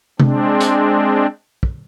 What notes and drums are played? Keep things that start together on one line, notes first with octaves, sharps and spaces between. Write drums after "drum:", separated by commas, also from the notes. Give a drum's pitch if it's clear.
G#3 C4 D4, drum: tom C3
drum: hi-hat
drum: kick